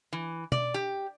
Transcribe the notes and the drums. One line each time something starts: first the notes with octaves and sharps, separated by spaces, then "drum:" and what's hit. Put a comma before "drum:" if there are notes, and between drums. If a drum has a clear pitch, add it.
E3
D5, drum: tom B2
G4